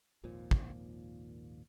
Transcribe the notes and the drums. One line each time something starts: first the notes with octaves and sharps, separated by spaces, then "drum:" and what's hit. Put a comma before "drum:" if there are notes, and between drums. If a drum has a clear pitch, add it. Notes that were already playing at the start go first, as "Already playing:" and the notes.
G#1 D#2 A#2 F3
drum: kick